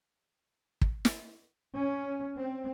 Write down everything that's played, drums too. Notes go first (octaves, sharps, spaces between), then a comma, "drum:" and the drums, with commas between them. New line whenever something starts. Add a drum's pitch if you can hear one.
drum: kick
drum: snare
C#4
C4